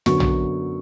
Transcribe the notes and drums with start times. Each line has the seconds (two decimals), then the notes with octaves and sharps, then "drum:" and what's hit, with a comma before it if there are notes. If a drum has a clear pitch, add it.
0.06 F#2 D3 F#3 B3 C#6, drum: snare
0.20 drum: tom